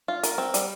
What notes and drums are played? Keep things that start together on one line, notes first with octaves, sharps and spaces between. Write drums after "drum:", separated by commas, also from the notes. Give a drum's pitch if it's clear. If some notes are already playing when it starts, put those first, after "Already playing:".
F4
A#4, drum: hi-hat
C4
G3, drum: hi-hat